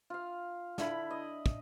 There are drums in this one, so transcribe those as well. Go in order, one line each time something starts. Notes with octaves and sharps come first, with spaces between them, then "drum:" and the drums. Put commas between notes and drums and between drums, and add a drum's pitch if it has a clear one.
F4 F5
D3 E4 B5, drum: snare
D#5
drum: kick